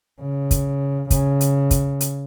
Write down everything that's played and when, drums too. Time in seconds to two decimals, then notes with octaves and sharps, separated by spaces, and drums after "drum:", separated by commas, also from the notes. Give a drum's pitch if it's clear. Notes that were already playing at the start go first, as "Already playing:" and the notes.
0.21 C#3
0.51 drum: kick, hi-hat
1.10 C#3, drum: kick, hi-hat
1.41 drum: hi-hat
1.71 drum: kick, hi-hat
2.01 drum: hi-hat